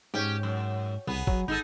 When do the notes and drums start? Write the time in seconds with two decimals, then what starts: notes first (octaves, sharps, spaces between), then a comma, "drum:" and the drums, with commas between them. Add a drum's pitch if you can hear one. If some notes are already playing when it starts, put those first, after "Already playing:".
0.14 G#2 C#4 G4
0.43 F#2
1.07 C2 B3 G#4
1.27 F#3, drum: kick
1.48 G#1 D#4 G#4 A4